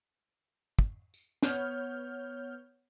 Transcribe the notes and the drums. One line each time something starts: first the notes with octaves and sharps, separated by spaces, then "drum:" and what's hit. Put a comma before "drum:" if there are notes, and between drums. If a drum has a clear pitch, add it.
drum: kick
drum: tambourine
B3 C#5 F6 G6, drum: snare